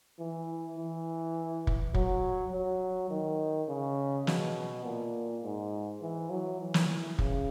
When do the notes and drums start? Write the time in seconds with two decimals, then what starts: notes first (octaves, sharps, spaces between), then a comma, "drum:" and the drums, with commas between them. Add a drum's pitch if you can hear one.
0.19 E3
0.78 E3
1.67 drum: kick
1.94 F#3, drum: kick
2.53 F#3
3.10 D#3
3.68 C#3
4.27 B2, drum: snare
4.85 A#2
5.44 G#2
6.02 E3
6.30 F#3
6.60 E3
6.74 drum: snare
7.19 C#3, drum: kick